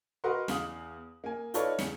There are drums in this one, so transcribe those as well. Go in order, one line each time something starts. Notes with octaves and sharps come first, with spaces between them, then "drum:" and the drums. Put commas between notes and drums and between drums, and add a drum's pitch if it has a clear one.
F#4 A#4 B4 D#5 F#5 C6
E2 F5 D#6 F#7, drum: snare
A#3 G#5
D#4 F4 A4 B4 C#5 D5, drum: hi-hat
E2 C#7, drum: snare